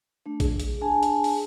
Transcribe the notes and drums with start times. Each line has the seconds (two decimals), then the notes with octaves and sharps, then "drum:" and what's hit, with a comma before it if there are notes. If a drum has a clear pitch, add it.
0.26 A3 D4
0.40 G#4, drum: kick A#1, hi-hat
0.60 drum: hi-hat
0.81 D4 G#4 G#5 A5
1.03 drum: hi-hat
1.24 drum: open hi-hat